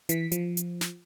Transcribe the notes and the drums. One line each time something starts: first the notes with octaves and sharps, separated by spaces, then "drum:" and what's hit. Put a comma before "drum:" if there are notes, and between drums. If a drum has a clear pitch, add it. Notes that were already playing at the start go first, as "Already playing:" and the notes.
E3 B6, drum: hi-hat
F3, drum: hi-hat
drum: hi-hat
drum: snare